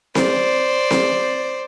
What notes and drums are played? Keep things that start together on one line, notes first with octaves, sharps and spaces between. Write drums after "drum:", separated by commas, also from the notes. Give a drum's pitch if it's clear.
C5 D5, drum: snare C4
drum: snare C4